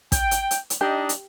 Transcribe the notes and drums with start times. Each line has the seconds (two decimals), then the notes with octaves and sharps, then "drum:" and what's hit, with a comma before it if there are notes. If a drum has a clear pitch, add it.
0.12 G5, drum: kick, hi-hat
0.31 drum: hi-hat
0.51 drum: hi-hat
0.70 drum: hi-hat
0.81 D4 D#4 G4 D#5
1.09 drum: hi-hat